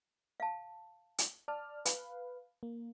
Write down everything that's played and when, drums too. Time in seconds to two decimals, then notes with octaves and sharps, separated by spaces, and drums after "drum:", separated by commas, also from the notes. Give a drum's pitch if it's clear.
0.40 F5 A5
1.18 drum: hi-hat
1.48 D5 A5 F6
1.85 B4 F5, drum: hi-hat
2.63 A#3